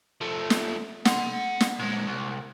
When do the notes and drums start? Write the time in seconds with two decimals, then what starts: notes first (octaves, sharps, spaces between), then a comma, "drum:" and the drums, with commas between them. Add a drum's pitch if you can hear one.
0.21 F3 A3
0.50 drum: snare
1.05 F#5 C6, drum: snare
1.60 drum: snare
1.80 A#2 G#3
2.07 C2